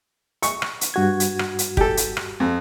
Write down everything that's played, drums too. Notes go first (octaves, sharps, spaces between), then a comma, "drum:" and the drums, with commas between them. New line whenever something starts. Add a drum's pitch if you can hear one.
C#6, drum: hi-hat
drum: rim click
drum: hi-hat
G2 F#4 G#6
drum: hi-hat
drum: rim click
drum: hi-hat
G4 A4, drum: kick
drum: hi-hat
drum: rim click
F2